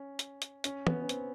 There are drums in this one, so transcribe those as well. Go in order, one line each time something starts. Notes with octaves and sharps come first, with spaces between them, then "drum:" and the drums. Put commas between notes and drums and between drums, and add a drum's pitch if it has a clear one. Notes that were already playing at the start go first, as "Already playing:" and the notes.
Already playing: C#4
drum: hi-hat
drum: hi-hat
C#4, drum: hi-hat
B3, drum: tom
C#4
C4, drum: hi-hat